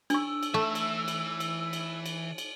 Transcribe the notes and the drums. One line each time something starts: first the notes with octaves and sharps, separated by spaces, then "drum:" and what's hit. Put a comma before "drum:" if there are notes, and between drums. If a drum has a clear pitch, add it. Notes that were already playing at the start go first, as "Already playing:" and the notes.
D4 C#6 E6, drum: cymbal
drum: cymbal
E3 A3 E5
drum: cymbal
drum: cymbal
drum: cymbal
drum: cymbal
drum: cymbal
drum: cymbal